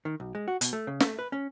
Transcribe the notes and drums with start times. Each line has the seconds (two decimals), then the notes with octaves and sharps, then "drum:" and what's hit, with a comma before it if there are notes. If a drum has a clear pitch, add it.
0.05 D#3
0.20 B1
0.35 G#3
0.48 F#4
0.61 B2, drum: hi-hat
0.73 A3
0.87 C#3
1.00 A3, drum: snare
1.19 B4
1.32 C#4